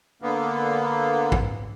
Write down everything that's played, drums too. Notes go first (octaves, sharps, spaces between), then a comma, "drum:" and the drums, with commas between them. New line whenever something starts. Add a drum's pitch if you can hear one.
D3 A#3 B3
drum: kick